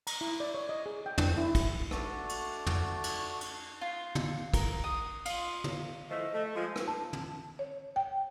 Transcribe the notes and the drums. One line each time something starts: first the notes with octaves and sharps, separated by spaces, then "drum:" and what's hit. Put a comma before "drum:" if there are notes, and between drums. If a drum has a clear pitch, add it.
A#5, drum: cymbal
E4
D5
C#5
D#5
G#4
G5
D4, drum: tom
E4
drum: kick, cymbal
A3 D4 F#4 D5, drum: rim click
drum: cymbal
drum: tom
drum: cymbal
drum: cymbal
F4
drum: tom
A#4, drum: kick, cymbal
D#6
F4, drum: cymbal
drum: tom
E3 F3 A3 D#5
A3
F3 G#3 F4
drum: rim click
A5
drum: tom
C#5
G5